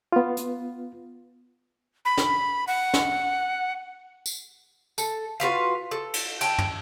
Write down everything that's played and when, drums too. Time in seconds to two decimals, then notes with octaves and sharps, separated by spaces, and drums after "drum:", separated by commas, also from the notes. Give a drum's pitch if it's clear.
0.12 B3 F4
0.37 drum: hi-hat
2.05 B5
2.18 drum: snare
2.67 F#5, drum: open hi-hat
2.94 drum: snare
4.26 drum: tambourine
4.98 A4, drum: tambourine
5.40 F4 F#4 B4 F5
5.91 A4
6.13 drum: cymbal
6.41 G5 A5, drum: cymbal
6.58 drum: tom